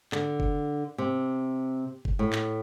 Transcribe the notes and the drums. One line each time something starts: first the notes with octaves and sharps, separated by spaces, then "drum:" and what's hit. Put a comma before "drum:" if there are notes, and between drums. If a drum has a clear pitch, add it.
D3, drum: clap
drum: kick F#1
C3
drum: kick F#1
A2
drum: clap